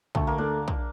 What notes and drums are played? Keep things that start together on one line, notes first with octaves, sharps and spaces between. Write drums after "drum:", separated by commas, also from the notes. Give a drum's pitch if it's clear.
D2 A3, drum: kick
A#3
A3 D4
drum: kick